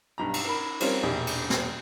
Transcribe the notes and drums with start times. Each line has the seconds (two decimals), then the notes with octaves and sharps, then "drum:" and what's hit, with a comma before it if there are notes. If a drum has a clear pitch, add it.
0.18 B1 G2 A#5
0.34 drum: cymbal
0.45 A#4 B5
0.80 G3 C4 C#4 F4 A#4, drum: cymbal
1.03 E1 A#1 G4
1.27 drum: cymbal
1.50 drum: snare